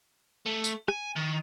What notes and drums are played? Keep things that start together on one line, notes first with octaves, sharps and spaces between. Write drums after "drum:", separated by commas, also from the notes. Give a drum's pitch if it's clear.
A3
drum: tambourine
G#5, drum: rim click
D#3